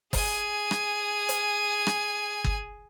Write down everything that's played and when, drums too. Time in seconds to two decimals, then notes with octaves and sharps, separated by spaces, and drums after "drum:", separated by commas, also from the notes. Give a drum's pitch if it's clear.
0.13 G#4 G#5, drum: kick, open hi-hat
0.71 drum: rim click
1.29 drum: hi-hat
1.87 drum: rim click
2.44 drum: kick